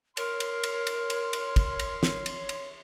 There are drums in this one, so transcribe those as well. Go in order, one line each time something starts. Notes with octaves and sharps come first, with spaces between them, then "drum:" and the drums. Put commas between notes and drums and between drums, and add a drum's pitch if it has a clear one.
A#4 C#5 C6, drum: cymbal
drum: cymbal
drum: cymbal
drum: cymbal
drum: cymbal
drum: cymbal
drum: kick, cymbal
drum: cymbal
drum: snare
drum: cymbal
drum: cymbal